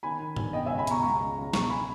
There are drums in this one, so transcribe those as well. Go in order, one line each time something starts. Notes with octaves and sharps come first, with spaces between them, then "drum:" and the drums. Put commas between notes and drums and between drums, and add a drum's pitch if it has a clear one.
D#3 G#5 B5
D#3
G2, drum: tom G#2
B2 D#5 G5
E5 G#5
C#2
G#5 B5
B2 A#5 C#6, drum: hi-hat
C#2 A#5 C#6
C#2
C#2
B2 A#5 C#6, drum: snare
G#5 B5